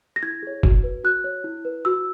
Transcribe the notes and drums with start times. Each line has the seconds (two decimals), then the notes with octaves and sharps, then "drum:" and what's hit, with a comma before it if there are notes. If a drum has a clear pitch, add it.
0.16 A#6
0.23 E4 G#6
0.43 G#4 C#5
0.63 F#4, drum: kick F#1
0.83 B4
1.04 F#4 F#6
1.24 C#5
1.44 E4
1.65 B4
1.85 F#4 E6